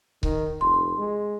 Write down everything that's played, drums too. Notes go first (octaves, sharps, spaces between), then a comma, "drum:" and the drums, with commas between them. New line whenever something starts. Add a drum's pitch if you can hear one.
D#3, drum: kick C#1
F1 C6
G#3